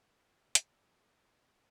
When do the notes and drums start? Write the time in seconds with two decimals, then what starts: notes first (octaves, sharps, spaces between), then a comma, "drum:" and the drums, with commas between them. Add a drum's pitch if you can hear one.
0.18 D4
0.55 E3, drum: hi-hat
1.02 A3